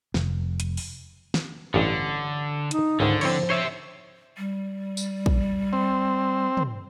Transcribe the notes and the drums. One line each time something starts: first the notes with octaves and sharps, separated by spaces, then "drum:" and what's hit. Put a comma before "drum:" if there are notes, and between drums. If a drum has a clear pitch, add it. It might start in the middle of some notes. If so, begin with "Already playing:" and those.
F1, drum: snare
drum: hi-hat
drum: open hi-hat
drum: snare
A1 G2 D3
D#4, drum: hi-hat
C#2 G#2 D3 D#3
F3 C4 E4 C#5, drum: cymbal
C5 C#5 E5
G3
drum: tambourine
drum: kick
C4
drum: tom